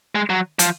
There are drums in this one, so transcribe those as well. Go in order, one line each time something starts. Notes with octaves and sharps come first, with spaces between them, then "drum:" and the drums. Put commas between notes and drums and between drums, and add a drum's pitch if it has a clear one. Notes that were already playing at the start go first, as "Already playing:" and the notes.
G#3
F#3
F3, drum: hi-hat